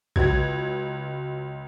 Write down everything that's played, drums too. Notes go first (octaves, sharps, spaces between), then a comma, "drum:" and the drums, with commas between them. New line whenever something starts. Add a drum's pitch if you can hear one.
C#2 F#3 G#6, drum: kick B1